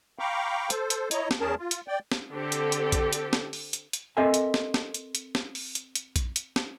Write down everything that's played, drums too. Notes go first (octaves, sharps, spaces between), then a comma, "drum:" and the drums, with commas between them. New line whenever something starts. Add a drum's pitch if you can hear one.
F5 G5 A#5 B5 C#6 D6
A4 C5, drum: hi-hat
drum: hi-hat
E4 C#5 D#5 A#5, drum: hi-hat
drum: snare
E2 C#4 G#4 A#4 A5
F4
drum: hi-hat
D5 G5
drum: snare
D3 C4 G4 A4
drum: hi-hat
drum: hi-hat
drum: kick A#1, hi-hat
drum: hi-hat
drum: snare
drum: open hi-hat
drum: hi-hat
drum: hi-hat
C4 A4 A#4 D#5 E5 G#5
drum: hi-hat
drum: snare
drum: snare
drum: hi-hat
drum: hi-hat
drum: snare
drum: open hi-hat
drum: hi-hat
drum: hi-hat
drum: kick A#1, hi-hat
drum: hi-hat
drum: snare